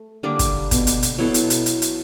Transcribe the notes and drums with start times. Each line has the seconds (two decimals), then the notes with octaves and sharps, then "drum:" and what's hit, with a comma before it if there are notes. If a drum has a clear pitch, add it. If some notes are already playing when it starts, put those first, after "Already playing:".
Already playing: A3
0.23 D3 G3 A#3 D4
0.39 drum: kick, hi-hat
0.71 B2, drum: kick, hi-hat
0.87 drum: hi-hat
1.03 drum: hi-hat
1.18 B2 F#3 B3 E4 A4
1.34 drum: hi-hat
1.50 drum: hi-hat
1.66 drum: hi-hat
1.82 drum: hi-hat